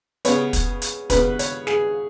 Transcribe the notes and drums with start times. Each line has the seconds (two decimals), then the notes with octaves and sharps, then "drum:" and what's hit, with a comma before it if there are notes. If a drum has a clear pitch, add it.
0.25 C#3 B3 C#5, drum: hi-hat
0.53 drum: kick, hi-hat
0.82 drum: hi-hat
1.10 C#3 B3 B4, drum: kick, hi-hat
1.39 C#5, drum: hi-hat
1.67 G#4, drum: snare